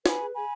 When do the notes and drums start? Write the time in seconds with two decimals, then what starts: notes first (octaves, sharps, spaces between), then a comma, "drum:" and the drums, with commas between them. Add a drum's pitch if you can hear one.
0.06 B4 G#5 B5, drum: snare
0.21 G#4
0.34 G#4 G#5 B5